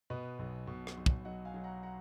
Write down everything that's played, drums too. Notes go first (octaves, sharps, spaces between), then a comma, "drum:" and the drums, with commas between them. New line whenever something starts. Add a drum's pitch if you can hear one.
B2 B4 D#5
B1
B2
drum: rim click
B1
drum: kick
F#3 D#5 F#5
F5 G#5
F#3
F#5 A#5
F#5 A#5